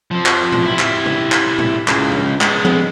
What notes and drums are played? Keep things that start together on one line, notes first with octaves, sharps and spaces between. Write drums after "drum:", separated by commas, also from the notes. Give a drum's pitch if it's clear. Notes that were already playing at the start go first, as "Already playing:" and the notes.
F3 C4
drum: clap
drum: tom A2
E4 G4
drum: clap
drum: tom C3
drum: clap
drum: tom A2
C#2 C#3, drum: clap
drum: tom
G#3 B3, drum: clap
drum: tom F3